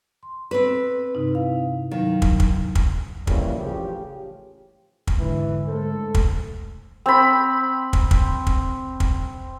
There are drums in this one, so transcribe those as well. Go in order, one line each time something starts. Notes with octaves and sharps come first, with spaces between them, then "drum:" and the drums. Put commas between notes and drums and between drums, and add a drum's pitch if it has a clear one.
C6
C4 B4
G2 C3 D#4
E4 F5
D#3 F#3 F5
drum: kick
drum: kick
drum: kick
A#2 C#3 E3 F3 G3, drum: kick
A1 C#3 F3 G4
drum: kick
G#2 D3 E3
G#3 A3 A4 C5
drum: kick
C4 B5
drum: kick
drum: kick
drum: kick
drum: kick